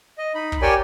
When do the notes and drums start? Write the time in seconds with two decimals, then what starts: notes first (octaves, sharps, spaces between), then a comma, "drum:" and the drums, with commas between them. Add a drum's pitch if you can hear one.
0.18 D#5
0.35 D#4 B5
0.52 drum: kick
0.62 G4 A#4 C#5 D5 G5 G#5